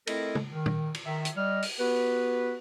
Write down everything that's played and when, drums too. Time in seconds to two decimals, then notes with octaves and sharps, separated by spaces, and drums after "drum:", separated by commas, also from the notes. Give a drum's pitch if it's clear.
0.07 A3 C4 E4 A4 A#4 D#5, drum: cymbal
0.35 drum: tom
0.51 D#3
0.66 drum: tom
0.95 drum: cymbal
1.05 D#3 E5
1.25 drum: hi-hat
1.37 G3 D#5 F6
1.62 drum: open hi-hat
1.79 B3 F#4 G4 B4